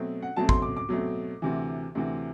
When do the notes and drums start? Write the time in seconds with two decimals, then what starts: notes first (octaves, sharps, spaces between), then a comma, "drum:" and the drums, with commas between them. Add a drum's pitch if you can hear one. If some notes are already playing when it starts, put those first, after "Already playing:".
Already playing: B2 F#3 A3 C4
0.22 F#5
0.36 B2 F#3 A3 C4 A5
0.49 C6, drum: kick
0.62 D6
0.77 D6
0.89 B2 F#3 A3 C4
1.42 D2 C3 E3
1.95 D2 C3 E3